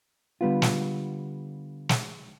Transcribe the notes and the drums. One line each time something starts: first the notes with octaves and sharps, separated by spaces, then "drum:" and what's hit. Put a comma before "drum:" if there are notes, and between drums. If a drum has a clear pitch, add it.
D3 G3 B3 F4
drum: snare
drum: snare